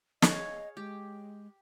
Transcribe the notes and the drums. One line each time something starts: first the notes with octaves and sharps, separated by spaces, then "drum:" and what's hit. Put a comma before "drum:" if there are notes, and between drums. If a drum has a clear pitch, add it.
G#4 C#5 D#5 F5, drum: snare
G#3 G4